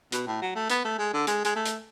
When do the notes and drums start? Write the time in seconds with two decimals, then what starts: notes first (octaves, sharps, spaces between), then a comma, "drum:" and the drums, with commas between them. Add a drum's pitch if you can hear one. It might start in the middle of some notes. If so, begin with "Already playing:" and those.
0.12 B2, drum: hi-hat
0.27 A2
0.42 F#3
0.55 A3
0.70 B3, drum: hi-hat
0.84 A3
0.98 G#3
1.13 D3
1.27 G#3, drum: hi-hat
1.45 G#3, drum: hi-hat
1.56 A3
1.65 drum: hi-hat